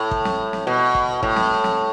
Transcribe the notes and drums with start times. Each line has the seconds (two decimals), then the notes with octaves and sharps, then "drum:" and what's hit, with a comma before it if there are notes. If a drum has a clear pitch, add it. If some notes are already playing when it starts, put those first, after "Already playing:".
Already playing: A2
0.11 drum: kick
0.25 drum: snare
0.53 drum: snare
0.67 B2
0.95 drum: kick
1.23 A2, drum: kick
1.36 drum: snare
1.64 drum: snare